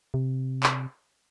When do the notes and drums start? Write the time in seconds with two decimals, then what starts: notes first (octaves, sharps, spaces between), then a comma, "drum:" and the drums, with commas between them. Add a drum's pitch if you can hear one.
0.14 C3
0.63 drum: clap